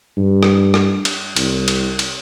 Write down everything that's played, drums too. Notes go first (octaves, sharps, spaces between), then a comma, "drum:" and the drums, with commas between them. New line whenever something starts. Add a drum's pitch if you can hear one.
G2
drum: rim click
drum: rim click
drum: cymbal
C2, drum: cymbal
drum: cymbal
drum: cymbal